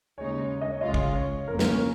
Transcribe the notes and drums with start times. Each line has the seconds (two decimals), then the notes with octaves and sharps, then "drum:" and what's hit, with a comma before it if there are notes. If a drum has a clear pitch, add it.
0.18 D#2 C#3 G#3 D#4 C#5
0.61 D#5
0.72 C#5
0.81 C#2 C#3 G#3 F4 D#5
0.94 drum: kick
1.15 C#5
1.48 F2 C#3 F3 A#3 A#4
1.59 A#4, drum: snare
1.70 C#4